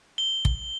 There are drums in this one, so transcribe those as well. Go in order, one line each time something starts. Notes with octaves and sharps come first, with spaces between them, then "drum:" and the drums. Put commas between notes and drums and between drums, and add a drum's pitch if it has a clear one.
G7
drum: kick